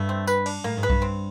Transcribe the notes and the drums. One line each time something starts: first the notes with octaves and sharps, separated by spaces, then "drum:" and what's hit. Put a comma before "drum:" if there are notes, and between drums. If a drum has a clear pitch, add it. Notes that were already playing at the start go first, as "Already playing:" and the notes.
Already playing: G2 A3
C4
B4, drum: tambourine
D4, drum: cymbal
A2 A#3
G#2
B4
G2, drum: kick B1
C4